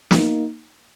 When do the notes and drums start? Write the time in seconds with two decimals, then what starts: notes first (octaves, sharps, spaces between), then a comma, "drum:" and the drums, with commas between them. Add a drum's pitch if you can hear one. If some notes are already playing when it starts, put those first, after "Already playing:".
0.11 A#3 D#4, drum: snare